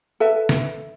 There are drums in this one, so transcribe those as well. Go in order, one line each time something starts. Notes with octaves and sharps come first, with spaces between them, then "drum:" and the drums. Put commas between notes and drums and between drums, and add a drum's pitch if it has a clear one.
A4 B4 E5
drum: snare